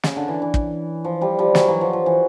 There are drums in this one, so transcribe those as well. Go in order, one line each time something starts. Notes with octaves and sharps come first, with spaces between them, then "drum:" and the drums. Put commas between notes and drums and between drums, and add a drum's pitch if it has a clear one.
C#3, drum: snare
D3
E3
E3
drum: kick
F3
F3 G3
F3 G3
E3 F#3, drum: snare
E3 F#3
F3
F3
E3